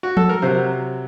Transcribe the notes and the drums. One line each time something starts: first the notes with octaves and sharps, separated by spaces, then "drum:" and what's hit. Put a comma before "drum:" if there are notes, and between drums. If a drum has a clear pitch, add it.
F#4
A4, drum: tom F3
A#4
C3 F#3 C5